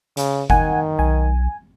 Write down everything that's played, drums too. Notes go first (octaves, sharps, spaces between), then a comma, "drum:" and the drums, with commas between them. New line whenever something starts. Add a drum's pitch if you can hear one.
C#3, drum: hi-hat
D#3 F#5 G#5, drum: kick F#1
B1 G#5